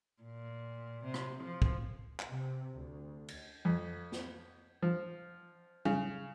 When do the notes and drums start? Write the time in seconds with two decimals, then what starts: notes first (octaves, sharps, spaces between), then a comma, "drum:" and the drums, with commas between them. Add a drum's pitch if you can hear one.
0.23 A#2
1.05 C3
1.14 drum: rim click
1.43 F3
1.62 drum: kick
2.20 drum: clap
2.29 C3
2.76 D2
3.28 drum: cymbal
3.65 F2
4.12 drum: snare
4.82 F3
5.85 C#3, drum: tom G3